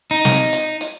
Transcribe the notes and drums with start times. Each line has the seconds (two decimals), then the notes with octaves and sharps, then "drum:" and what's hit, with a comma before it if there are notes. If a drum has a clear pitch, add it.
0.11 D#4
0.25 drum: snare
0.53 drum: hi-hat
0.81 drum: hi-hat